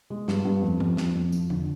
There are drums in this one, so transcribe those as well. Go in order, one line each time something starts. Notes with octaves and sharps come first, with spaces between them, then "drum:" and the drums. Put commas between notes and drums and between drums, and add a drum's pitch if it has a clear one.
G#3
G2, drum: snare
G2
F2
F2, drum: tom G2
F2, drum: snare
F2
F3, drum: tambourine
D3, drum: tom E2